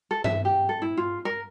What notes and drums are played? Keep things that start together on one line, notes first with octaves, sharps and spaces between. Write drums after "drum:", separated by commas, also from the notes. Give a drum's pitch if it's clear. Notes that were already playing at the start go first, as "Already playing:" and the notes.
A4
E5, drum: tom G2
G4
A4
E4
F4
A#4